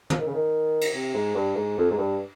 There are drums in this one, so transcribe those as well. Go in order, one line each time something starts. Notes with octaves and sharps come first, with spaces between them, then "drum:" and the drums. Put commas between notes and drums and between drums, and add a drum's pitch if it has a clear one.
F3, drum: tom
D#3
C#3
D#3
drum: cymbal
C3
G#2
G2
G#2
F2
G#2
G2